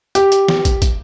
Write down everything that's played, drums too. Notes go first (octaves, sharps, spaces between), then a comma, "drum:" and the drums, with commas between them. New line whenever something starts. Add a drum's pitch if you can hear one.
G4, drum: hi-hat
drum: hi-hat
drum: snare
drum: kick, hi-hat
drum: kick, hi-hat